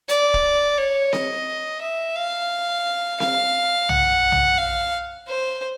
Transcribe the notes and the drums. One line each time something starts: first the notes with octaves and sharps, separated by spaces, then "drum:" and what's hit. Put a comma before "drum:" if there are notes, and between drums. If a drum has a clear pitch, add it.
D5, drum: hi-hat
drum: kick
C#5
D#5, drum: snare C4
E5
F5
F5, drum: snare C4
F#5, drum: tom
drum: tom
F5
C5